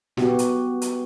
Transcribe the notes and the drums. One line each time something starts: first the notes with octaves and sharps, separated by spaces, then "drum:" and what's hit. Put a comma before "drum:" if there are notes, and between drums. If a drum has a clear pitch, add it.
B3 F#4 G4, drum: snare
drum: hi-hat
drum: hi-hat